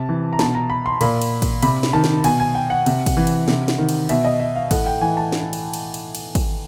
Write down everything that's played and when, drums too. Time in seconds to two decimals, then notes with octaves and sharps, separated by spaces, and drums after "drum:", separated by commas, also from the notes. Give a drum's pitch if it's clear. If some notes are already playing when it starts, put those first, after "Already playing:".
Already playing: C3 A5
0.09 E3
0.33 A#5
0.39 B2 A5, drum: snare
0.55 A#5
0.70 B5
0.86 C6
1.01 A#2 B5, drum: cymbal
1.22 drum: cymbal
1.42 drum: kick, cymbal
1.62 C3 B5, drum: cymbal
1.83 drum: snare
1.93 D#3 A5
2.04 drum: snare
2.24 B2 G#5, drum: cymbal
2.40 G#5
2.55 G5
2.70 F#5
2.86 C3, drum: cymbal
3.06 drum: kick, cymbal
3.17 E3
3.27 drum: cymbal
3.48 C3, drum: snare
3.68 drum: snare
3.78 D#3
3.89 drum: cymbal
4.09 B2 E5, drum: cymbal
4.25 D#5
4.40 E5
4.56 F5
4.71 A2 F#5, drum: kick, cymbal
4.86 G5
5.01 E3 G#5
5.17 A5
5.32 drum: snare
5.53 drum: cymbal
5.74 drum: cymbal
5.94 drum: cymbal
6.15 drum: cymbal
6.35 drum: kick, cymbal